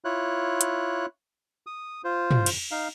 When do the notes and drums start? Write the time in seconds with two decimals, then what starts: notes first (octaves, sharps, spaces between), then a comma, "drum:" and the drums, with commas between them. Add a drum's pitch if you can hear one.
0.05 E4 F4 C#5 F#6
0.61 drum: hi-hat
1.67 D#6
2.04 F4 C5
2.31 drum: tom
2.46 drum: cymbal
2.71 D#4 F5